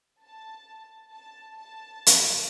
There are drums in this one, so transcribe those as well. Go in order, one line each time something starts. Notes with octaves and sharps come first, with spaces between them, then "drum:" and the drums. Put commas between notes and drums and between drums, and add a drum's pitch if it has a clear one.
A5
A5
A5
drum: hi-hat